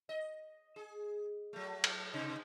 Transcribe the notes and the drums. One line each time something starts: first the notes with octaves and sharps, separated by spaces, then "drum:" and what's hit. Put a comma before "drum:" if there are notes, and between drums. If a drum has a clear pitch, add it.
D#5
G#4
F#3 A3
drum: cymbal
G#2 C3 D#4